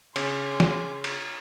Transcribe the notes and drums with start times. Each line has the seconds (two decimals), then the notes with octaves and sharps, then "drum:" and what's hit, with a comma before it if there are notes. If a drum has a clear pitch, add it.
0.16 C#3 C#5 G#5 C6 D6, drum: cymbal
0.60 drum: snare
1.04 drum: cymbal